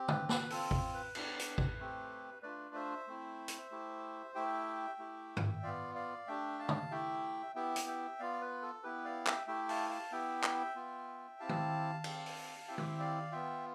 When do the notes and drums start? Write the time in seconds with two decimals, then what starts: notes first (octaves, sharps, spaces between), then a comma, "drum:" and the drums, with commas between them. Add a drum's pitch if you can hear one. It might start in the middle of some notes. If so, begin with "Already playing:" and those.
Already playing: C4 G4
0.08 B4, drum: tom C#3
0.29 B4, drum: snare
0.50 C4 F4 A4, drum: open hi-hat
0.71 drum: kick G#1
0.94 B4
1.15 B3 D4 G4, drum: cymbal
1.39 drum: hi-hat
1.58 drum: kick G#1
1.79 A3 C4 G4
2.43 A3 D4 F4 B4 D5
2.75 C5 E5
3.07 A3 C4 E4
3.48 drum: hi-hat
3.71 A3 E4 G4
4.35 A3 E4 G4 E5 G5
4.99 A3 E4 G4
5.37 drum: tom G2
5.63 B3 F4 D5 F5
5.95 D5 F5
6.27 A3 D4 G4 E5 G5
6.59 F5 A5
6.69 drum: tom C#3
6.91 A3 E4 G4 E5 G5
7.56 B3 E4 G4 E5 G5
7.76 drum: hi-hat
7.88 E5 G5
8.19 B3 F4 D5 F5
8.41 B4
8.62 A4
8.83 B3 E4 G4 B4
9.05 D5 F5
9.27 E5 G5, drum: clap
9.47 A3 E4 G4 E5 G5
9.69 F5 A5, drum: open hi-hat
9.90 F5 A5
10.12 B3 E4 G4 E5 G5
10.43 drum: clap
10.76 B3 F4
11.40 C4 E4 G4 F5 A5
11.49 drum: tom D#3
12.04 C4 G4, drum: cymbal
12.26 drum: open hi-hat
12.68 C4 E4 G4 E5 G5
12.78 drum: tom D#3
13.00 D5 F5
13.32 B3 F4 E5 G5